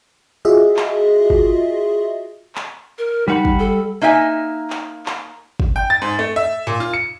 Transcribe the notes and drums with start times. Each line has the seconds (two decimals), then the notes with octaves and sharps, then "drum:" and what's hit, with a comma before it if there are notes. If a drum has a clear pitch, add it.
0.45 F4 F#4 G#4 D#5 E5
0.76 drum: clap
1.30 drum: kick
2.55 drum: clap
2.98 A#4
3.28 G3 D#4 F#5 B5
3.45 drum: kick
3.59 A4
4.02 A#3 D#4 E5 G5 G#5
4.70 drum: clap
5.06 drum: clap
5.60 drum: kick
5.76 G5
5.90 A6
6.02 G#2
6.19 A3
6.36 E5
6.67 A#2
6.80 F4
6.94 C#7